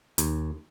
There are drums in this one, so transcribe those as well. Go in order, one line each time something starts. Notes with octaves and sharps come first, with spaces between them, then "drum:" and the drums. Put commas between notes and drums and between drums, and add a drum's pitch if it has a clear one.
D#2, drum: hi-hat